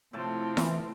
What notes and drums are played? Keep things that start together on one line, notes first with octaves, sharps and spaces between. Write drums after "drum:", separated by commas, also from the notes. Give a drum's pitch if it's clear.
A2 C3 F3 A3 C4 A5
E3, drum: snare E4